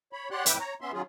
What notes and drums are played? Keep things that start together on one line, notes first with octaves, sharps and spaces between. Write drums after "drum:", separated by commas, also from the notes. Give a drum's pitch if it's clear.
C#5 B5
G4 C#5 D5 F#5 C6 F#6
F2 A2 B4 E5 G5 D6, drum: hi-hat
C#5 A#5
B3 C#4 E5 C6
D#3 F#3 C#4 F4 G#4